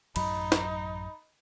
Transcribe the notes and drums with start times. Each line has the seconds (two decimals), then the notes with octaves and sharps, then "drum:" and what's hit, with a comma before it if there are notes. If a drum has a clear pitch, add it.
0.16 A1 F#2 F#3 D#4 B5, drum: cymbal
0.52 drum: snare